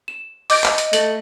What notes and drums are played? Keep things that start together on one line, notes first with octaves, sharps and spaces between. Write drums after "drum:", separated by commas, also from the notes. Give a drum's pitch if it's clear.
E7
D#5 D6 G6 D7, drum: open hi-hat
drum: clap
drum: hi-hat
A3 F#7, drum: hi-hat